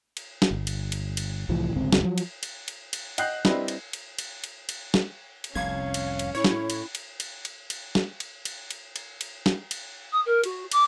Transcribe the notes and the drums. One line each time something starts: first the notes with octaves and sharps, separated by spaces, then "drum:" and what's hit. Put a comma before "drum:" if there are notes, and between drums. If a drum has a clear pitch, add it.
drum: cymbal
drum: snare
G1
drum: cymbal
drum: cymbal
drum: cymbal
C2 A2 E3 F3
D1 G1 C#2 C4
drum: snare
F3 F#3
drum: cymbal
drum: cymbal
drum: cymbal
drum: cymbal
D#5 F#5 G5 F#6 G6 C7, drum: cymbal
G3 C4 D4 E4 B4 D#5, drum: snare
drum: cymbal
drum: cymbal
drum: cymbal
drum: cymbal
drum: cymbal
drum: snare
drum: cymbal
F1 C2 F2 C#4 F5 G#6
drum: cymbal
drum: cymbal
A2 E4 C#5
drum: snare
drum: cymbal
drum: cymbal
drum: cymbal
drum: cymbal
drum: cymbal
drum: snare
drum: cymbal
drum: cymbal
drum: cymbal
drum: cymbal
drum: cymbal
drum: snare
drum: cymbal
D#6
A#4
F#4, drum: cymbal
D6, drum: cymbal